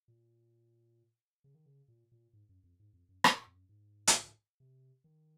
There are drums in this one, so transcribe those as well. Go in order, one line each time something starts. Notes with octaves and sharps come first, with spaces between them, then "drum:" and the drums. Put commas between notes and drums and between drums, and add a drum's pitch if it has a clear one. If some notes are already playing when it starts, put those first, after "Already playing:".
A#2
C#3
D#3
C#3
A#2
A#2
G#2
F#2
F2
G#2
F2
F#2
G#2, drum: rim click
A#2
F2
F#2
G#2
drum: hi-hat
C3
D#3